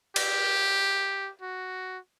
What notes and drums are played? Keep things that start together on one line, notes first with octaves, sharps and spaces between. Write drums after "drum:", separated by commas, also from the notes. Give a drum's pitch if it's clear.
G4, drum: cymbal
F#4